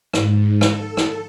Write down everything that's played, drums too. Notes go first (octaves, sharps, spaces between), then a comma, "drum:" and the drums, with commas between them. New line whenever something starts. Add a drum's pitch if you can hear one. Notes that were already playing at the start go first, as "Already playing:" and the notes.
G#2, drum: rim click
A4, drum: rim click
drum: rim click